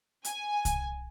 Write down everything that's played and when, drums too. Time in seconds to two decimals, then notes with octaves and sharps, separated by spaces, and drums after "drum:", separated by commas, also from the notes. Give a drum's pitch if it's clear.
0.25 G#5, drum: hi-hat
0.65 drum: kick C2, hi-hat